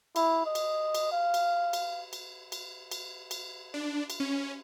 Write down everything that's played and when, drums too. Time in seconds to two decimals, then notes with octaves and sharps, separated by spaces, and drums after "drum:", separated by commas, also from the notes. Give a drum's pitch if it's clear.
0.16 E4, drum: cymbal
0.46 D#5
0.55 drum: cymbal
0.95 drum: cymbal
1.12 F5
1.34 drum: cymbal
1.73 drum: cymbal
2.13 drum: cymbal
2.52 drum: cymbal
2.91 drum: cymbal
3.31 drum: cymbal
3.74 D4
4.10 drum: cymbal
4.20 C#4